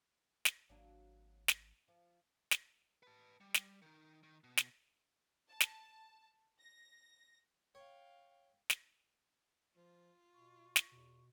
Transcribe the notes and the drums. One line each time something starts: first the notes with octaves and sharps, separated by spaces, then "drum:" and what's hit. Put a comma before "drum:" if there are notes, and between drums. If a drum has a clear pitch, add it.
drum: snare
G#1 F#3 A#3 D4
drum: snare
F3
drum: snare
B4 A5
G3
drum: snare
D#3 D#4
D#3
B2
drum: snare
A5
drum: snare
A#6
C#5 F5 G5
drum: snare
F3 F4
B2 C#6
drum: snare
E2 B2